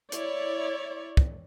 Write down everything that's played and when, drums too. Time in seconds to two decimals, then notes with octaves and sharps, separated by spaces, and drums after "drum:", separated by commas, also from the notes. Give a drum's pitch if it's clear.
0.12 E4 C#5 D5, drum: hi-hat
1.17 drum: kick